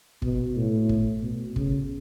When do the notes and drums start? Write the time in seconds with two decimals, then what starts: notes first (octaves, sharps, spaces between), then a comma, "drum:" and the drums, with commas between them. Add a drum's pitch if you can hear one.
0.22 B2, drum: kick
0.56 A2
0.89 drum: kick
1.22 B2
1.56 C#3, drum: kick